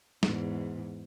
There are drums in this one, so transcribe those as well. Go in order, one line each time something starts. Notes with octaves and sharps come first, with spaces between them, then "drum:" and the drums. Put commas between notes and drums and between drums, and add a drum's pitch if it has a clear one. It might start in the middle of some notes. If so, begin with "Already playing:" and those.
E2 G#2, drum: snare